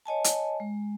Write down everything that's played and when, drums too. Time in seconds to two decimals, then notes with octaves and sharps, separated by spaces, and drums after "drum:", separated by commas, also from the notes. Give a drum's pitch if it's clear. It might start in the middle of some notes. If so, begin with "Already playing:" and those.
0.05 C#5 D#5 G#5 A5
0.24 drum: hi-hat
0.60 G#3